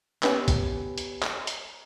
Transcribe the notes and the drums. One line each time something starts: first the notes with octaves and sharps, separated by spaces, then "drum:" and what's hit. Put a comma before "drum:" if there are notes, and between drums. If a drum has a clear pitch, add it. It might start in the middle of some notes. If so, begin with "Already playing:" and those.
B3 C#4 G4, drum: clap
drum: kick, hi-hat
drum: hi-hat
drum: clap
drum: hi-hat